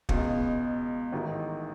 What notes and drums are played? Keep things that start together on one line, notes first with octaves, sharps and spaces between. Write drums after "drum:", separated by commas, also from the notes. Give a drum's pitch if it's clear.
C#2 B2 G#3, drum: kick
A1 G#2 D#3